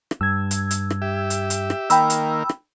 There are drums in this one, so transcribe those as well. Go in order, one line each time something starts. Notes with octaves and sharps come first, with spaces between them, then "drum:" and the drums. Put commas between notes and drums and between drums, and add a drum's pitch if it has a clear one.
drum: rim click
G2 E6 G#6
drum: hi-hat
drum: hi-hat
drum: rim click
G4 E5
drum: hi-hat
drum: hi-hat
drum: rim click
D#3 A#3 G5 B5 E6, drum: hi-hat
drum: hi-hat
drum: rim click